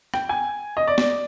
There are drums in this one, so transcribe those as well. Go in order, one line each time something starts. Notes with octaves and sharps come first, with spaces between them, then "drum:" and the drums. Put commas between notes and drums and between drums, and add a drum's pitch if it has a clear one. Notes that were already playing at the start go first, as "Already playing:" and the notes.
G5, drum: rim click
G#5
D#5
D5
D5, drum: snare